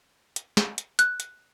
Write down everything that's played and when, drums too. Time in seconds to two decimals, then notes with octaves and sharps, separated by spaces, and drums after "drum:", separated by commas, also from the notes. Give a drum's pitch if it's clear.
0.36 drum: hi-hat
0.57 drum: snare
0.78 drum: hi-hat
0.99 F#6, drum: hi-hat
1.20 drum: hi-hat